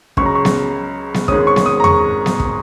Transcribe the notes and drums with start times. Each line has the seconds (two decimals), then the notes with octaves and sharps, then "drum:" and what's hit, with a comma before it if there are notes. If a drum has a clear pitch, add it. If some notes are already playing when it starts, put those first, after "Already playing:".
0.17 C#2 C#3 F#3 C#4 C#6, drum: kick
0.26 A#5
0.35 C#6
0.45 drum: snare B3
1.14 drum: snare B3
1.28 G#1 G#2 G#3 C#4 D#6, drum: kick
1.47 C#6
1.56 drum: snare B3
1.66 D#6
1.80 A#5
1.84 C#6, drum: tom E2
2.26 drum: snare B3
2.40 drum: kick